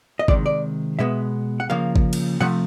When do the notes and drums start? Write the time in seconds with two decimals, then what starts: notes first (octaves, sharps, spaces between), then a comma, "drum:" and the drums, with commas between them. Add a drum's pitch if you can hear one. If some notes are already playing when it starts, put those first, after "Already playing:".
0.19 D#5
0.28 C3 D#3 G#3 D5, drum: kick G#1
0.46 D5
0.99 B2 G#3 B3 E5
1.60 F#5
1.70 C#3 F3 A#3 F5
1.96 drum: kick G#1
2.13 drum: cymbal
2.40 C3 F3 A3 F#5